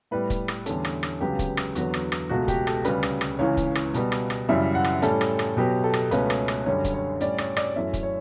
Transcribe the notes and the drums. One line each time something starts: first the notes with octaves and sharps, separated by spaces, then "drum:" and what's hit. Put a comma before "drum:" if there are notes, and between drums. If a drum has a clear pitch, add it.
A2 G3 B3 B4
drum: kick, hi-hat
drum: rim click
E2 D3 G3 C#4 A4, drum: hi-hat
drum: rim click
drum: rim click
C#2 C#3 F#3 B3 G4
drum: kick, hi-hat
drum: rim click
E2 D3 F#3 B3 F#4, drum: hi-hat
drum: rim click
drum: rim click
C#2 B2 A3 F#4
G4, drum: kick, hi-hat
A4, drum: rim click
D2 C#3 G3 B4, drum: hi-hat
drum: rim click
drum: rim click
C#2 C#3 E3 C#5
drum: kick, hi-hat
drum: rim click
B2 G3 B3, drum: hi-hat
drum: rim click
drum: rim click
F#2 C#3 E3 G3 E5
F#5
drum: rim click
A2 G3 C#4 A4, drum: hi-hat
drum: rim click
drum: rim click
B2 F#3 B3 G4
A4
drum: rim click
C#2 B2 A3 C#4 B4, drum: hi-hat
drum: rim click
drum: rim click
F#2 D3 G3 C#4 C#5
drum: kick, hi-hat
C#5
A2 G3 C#4 D5, drum: hi-hat
C#5, drum: rim click
D5, drum: rim click
F#2 E3 A3 C#4 E5
drum: kick, hi-hat
C#5